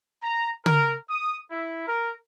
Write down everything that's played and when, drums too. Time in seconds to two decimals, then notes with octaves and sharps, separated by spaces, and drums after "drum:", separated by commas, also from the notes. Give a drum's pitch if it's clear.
0.23 A#5
0.66 A#4, drum: tom
1.09 D#6
1.51 E4
1.87 A#4